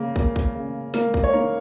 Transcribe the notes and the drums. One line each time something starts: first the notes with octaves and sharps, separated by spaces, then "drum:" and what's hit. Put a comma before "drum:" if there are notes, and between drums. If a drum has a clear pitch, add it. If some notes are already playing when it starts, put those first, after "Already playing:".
Already playing: C#3 A#3
A#3, drum: kick
drum: kick
C#3
G#3 A#3 A#4, drum: snare
drum: kick
C#5
D#3 A#3 A#4